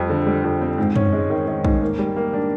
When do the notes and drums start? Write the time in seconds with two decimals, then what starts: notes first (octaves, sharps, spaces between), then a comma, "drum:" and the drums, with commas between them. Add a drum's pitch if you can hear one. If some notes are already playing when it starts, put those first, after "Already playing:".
Already playing: F2 G3
0.09 D3
0.27 G3
0.44 F2
0.62 C4
0.78 G#2
0.96 C#4, drum: tom
1.12 G#3
1.30 D#3
1.47 D#3
1.65 G#2, drum: kick
1.81 A#3
1.99 G3
2.16 A#3
2.33 D4